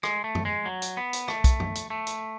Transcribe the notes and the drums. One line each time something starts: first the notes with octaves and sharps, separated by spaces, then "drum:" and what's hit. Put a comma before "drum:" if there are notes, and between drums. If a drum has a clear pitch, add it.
G#3, drum: rim click
A3
drum: tom F#2
G#3
F#3
drum: hi-hat
B3
drum: hi-hat
A3, drum: rim click
drum: kick B1, hi-hat
drum: tom F#2
drum: hi-hat
A3
drum: hi-hat